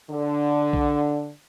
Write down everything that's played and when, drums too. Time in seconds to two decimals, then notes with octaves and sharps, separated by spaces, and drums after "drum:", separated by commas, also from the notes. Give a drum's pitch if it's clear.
0.11 D3
0.73 drum: kick B1